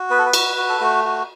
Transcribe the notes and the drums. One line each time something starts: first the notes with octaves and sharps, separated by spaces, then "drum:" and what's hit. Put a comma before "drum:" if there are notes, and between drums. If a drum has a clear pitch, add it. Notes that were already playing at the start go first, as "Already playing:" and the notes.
Already playing: F#4
B3 B4
A4
B4
F#4, drum: cymbal
F#4
A4
A3 F#4
F#4